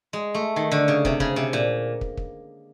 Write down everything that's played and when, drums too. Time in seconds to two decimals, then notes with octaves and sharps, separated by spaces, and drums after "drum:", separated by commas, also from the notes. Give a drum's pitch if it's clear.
0.13 G#3
0.34 A3
0.56 D#3
0.71 D3
0.88 C#3
1.05 C3, drum: kick
1.20 C#3, drum: kick
1.36 C3
1.53 A#2
2.01 drum: kick
2.17 drum: kick